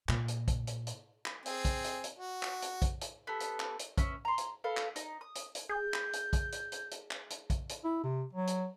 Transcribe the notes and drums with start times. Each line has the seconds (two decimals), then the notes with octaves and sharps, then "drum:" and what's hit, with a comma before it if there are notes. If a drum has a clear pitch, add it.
0.09 A#2, drum: clap
0.28 drum: hi-hat
0.48 drum: kick A#1, hi-hat
0.67 drum: hi-hat
0.87 drum: hi-hat
1.26 drum: clap
1.46 C4 G#4 G#5, drum: hi-hat
1.65 drum: kick A#1, hi-hat
1.84 drum: hi-hat
2.04 drum: hi-hat
2.19 F#4
2.43 drum: clap
2.62 drum: hi-hat
2.82 drum: kick A#1, hi-hat
3.01 drum: hi-hat
3.27 B3 G4 A4
3.40 drum: hi-hat
3.60 drum: clap
3.79 drum: hi-hat
3.98 C#4 B4 E5, drum: kick A#1, hi-hat
4.25 A#5 C6
4.38 drum: hi-hat
4.64 A4 B4 F5
4.77 drum: clap
4.96 D#4, drum: hi-hat
5.21 D#6
5.35 drum: hi-hat
5.55 drum: hi-hat
5.69 G#4 G6
5.94 drum: clap
6.13 drum: hi-hat
6.33 drum: kick A#1, hi-hat
6.52 drum: hi-hat
6.72 drum: hi-hat
6.91 drum: hi-hat
7.11 drum: clap
7.30 drum: hi-hat
7.50 drum: kick A#1, hi-hat
7.69 drum: hi-hat
7.84 E4
8.03 C3
8.33 F#3
8.47 drum: hi-hat